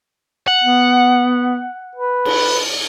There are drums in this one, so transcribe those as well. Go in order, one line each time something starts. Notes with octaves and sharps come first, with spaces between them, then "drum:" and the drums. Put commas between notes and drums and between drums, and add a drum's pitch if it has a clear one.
F#5
B3
B4
drum: cymbal